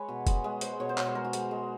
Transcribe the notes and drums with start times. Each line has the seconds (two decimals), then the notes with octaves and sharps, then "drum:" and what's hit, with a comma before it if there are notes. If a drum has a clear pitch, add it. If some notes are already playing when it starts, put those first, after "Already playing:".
Already playing: G#3 B4 C#5
0.09 B2
0.27 G#3, drum: kick F1, hi-hat
0.44 G#3
0.61 G#3 C5, drum: hi-hat
0.80 B2 C#5
0.89 C5
0.97 B2 C#5, drum: clap
1.07 C5
1.15 G#3 A#4
1.25 F#4
1.33 G#3, drum: hi-hat
1.51 G#3